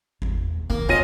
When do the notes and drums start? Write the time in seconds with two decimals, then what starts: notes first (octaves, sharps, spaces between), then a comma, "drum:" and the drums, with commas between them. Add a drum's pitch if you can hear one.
0.22 E2, drum: kick G1
0.70 D#3 A#3
0.89 C#3 C#4 F4 D#5 A#6 D#7